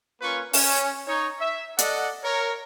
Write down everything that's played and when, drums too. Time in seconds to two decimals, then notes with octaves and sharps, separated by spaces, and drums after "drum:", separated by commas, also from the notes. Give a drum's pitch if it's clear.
0.22 A#3 C#4 F4 B4 C#6
0.53 C#4, drum: open hi-hat
1.08 D#4 C#5
1.40 E5
1.79 A4 D5 D#5 F#5, drum: hi-hat
2.23 A#4 C#5